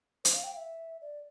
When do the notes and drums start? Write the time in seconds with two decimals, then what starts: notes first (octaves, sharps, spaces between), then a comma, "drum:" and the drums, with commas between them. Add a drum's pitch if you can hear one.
0.25 C5, drum: hi-hat
0.33 F5
0.44 G5
0.53 F5
0.57 E5
1.02 D5